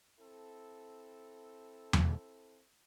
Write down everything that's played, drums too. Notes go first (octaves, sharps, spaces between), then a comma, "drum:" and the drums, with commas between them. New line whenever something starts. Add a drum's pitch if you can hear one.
C4 E4 A4
drum: tom E2